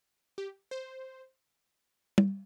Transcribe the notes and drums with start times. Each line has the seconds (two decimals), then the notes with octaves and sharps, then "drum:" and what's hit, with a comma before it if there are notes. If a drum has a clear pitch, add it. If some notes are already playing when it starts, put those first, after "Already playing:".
0.38 G4
0.71 C5
2.18 drum: tom